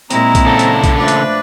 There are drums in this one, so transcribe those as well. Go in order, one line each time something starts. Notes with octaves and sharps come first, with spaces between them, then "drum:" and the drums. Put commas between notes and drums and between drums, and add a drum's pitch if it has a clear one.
A#2 G#3 C4 E4 A#5, drum: hi-hat
drum: kick B1, hi-hat
C#3 A4
drum: hi-hat
drum: kick B1, hi-hat
F3 A3 D4 B4
drum: hi-hat